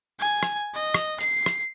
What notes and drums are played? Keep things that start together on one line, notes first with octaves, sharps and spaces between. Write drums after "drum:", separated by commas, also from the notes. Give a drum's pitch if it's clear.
G#5
drum: rim click
D#5
drum: rim click
C7, drum: hi-hat
drum: rim click